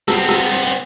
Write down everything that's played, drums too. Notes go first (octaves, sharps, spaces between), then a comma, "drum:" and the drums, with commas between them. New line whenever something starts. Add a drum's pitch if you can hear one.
B3 C4, drum: rim click
drum: rim click